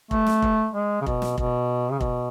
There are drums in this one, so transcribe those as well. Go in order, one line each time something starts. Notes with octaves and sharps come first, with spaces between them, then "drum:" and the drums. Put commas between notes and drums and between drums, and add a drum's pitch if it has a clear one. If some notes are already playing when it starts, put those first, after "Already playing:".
A3, drum: kick
drum: snare
drum: kick
G#3
C#3
B2, drum: kick
drum: snare
B2, drum: kick
C#3
B2, drum: kick